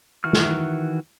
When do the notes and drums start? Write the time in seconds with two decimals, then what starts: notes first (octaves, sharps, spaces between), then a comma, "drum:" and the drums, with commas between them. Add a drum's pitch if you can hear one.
0.24 D#3 E3 F#4 F6
0.33 drum: snare